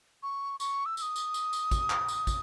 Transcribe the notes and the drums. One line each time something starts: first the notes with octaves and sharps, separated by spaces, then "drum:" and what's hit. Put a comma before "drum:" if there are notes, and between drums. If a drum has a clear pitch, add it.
C#6
C#6, drum: tambourine
E6
E6, drum: tambourine
D#6
drum: tambourine
drum: tambourine
drum: tambourine
drum: kick, tambourine
drum: clap
drum: tambourine
drum: kick, tambourine